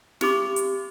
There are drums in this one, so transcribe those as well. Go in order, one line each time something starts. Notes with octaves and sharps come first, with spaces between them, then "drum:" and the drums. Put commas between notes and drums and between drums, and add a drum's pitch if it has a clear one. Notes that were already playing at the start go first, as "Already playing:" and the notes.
C4 G4 D6, drum: snare
drum: hi-hat